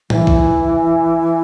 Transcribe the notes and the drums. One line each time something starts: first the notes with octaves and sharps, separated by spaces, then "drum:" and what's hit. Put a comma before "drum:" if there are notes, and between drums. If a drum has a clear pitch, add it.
E3, drum: tom
drum: kick